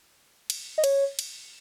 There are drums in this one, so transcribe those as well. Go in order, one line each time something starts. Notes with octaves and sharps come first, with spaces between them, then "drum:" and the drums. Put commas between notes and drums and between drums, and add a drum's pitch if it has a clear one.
drum: cymbal
D#5
C#5, drum: cymbal
drum: cymbal